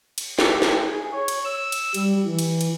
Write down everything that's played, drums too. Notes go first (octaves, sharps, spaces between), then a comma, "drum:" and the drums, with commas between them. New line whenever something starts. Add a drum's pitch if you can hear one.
drum: cymbal
G4, drum: snare
drum: snare
G#4
C#5
drum: cymbal
E6
drum: cymbal
G3, drum: cymbal
E3
drum: cymbal
drum: cymbal